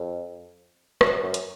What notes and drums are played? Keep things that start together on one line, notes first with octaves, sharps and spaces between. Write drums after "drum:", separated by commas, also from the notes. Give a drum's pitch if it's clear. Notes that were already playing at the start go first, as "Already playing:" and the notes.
Already playing: F2
F#2, drum: rim click
F#2
drum: hi-hat